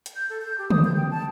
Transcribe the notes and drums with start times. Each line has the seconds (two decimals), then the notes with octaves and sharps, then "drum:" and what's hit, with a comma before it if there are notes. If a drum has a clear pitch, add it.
0.06 drum: hi-hat
0.16 G6
0.30 A4
0.42 G6
0.58 G4
0.70 D#6, drum: tom
0.84 G6
0.97 G5
1.11 A5